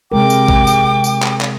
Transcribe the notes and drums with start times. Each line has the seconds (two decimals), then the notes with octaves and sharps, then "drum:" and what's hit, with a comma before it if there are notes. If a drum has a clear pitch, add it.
0.12 C3 G#3 A#4 G5 D6
0.30 drum: tambourine
0.48 drum: kick
0.67 drum: tambourine
1.04 drum: tambourine
1.22 drum: clap
1.41 drum: clap